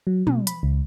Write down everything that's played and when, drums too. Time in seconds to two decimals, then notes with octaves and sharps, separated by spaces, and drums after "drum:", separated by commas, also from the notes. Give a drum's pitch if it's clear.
0.07 F#3
0.27 B2, drum: tom
0.47 B5, drum: hi-hat
0.63 C#2